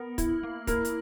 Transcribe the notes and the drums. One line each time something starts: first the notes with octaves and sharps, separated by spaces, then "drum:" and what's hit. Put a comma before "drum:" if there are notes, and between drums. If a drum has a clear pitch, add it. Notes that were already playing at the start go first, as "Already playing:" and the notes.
Already playing: B3 A#4
E4, drum: kick, hi-hat
A#3
E4 A#4, drum: kick, hi-hat
drum: hi-hat